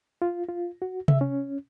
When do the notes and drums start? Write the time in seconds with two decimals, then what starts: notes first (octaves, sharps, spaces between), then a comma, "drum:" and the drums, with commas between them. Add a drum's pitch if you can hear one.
0.22 F4
0.49 F4
0.82 F#4
1.08 E5, drum: tom C3
1.21 C#4